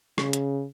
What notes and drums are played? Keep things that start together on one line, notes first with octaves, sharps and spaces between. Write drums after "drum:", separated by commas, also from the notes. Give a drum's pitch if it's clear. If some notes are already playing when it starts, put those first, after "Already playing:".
C#3, drum: rim click
drum: hi-hat